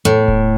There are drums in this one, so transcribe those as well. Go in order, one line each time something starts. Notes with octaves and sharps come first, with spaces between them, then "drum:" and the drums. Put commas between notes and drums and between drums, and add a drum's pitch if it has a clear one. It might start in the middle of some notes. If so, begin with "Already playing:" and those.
A2
drum: kick D#1